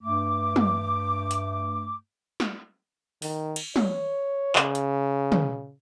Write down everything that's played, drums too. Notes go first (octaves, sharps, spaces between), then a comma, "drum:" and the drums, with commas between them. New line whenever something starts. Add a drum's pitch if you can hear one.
G2 A3 D6
drum: tom
drum: hi-hat
drum: snare
D#3, drum: open hi-hat
drum: cymbal
C#5, drum: tom
C#3, drum: clap
drum: hi-hat
drum: tom